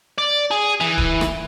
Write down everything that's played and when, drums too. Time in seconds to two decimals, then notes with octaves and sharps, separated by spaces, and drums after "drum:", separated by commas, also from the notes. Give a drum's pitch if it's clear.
0.18 D5
0.51 G#4
0.81 E3
0.98 drum: kick
1.21 drum: rim click